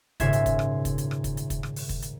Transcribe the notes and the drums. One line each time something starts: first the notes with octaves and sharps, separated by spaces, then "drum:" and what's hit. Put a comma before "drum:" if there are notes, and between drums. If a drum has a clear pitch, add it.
D#1 G#2 C#3 F4 E5 G#6, drum: kick, hi-hat
drum: hi-hat
drum: kick, hi-hat
drum: rim click
drum: kick, hi-hat
drum: hi-hat
drum: rim click
drum: kick, hi-hat
drum: hi-hat
drum: kick, hi-hat
drum: rim click
drum: open hi-hat
drum: kick, hi-hat
drum: hi-hat